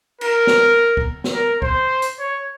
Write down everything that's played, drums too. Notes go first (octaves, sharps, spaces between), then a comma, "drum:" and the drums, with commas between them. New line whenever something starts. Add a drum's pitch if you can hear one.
A#4, drum: cymbal
drum: snare
drum: kick
drum: snare
A#4
C5, drum: kick
drum: hi-hat
C#5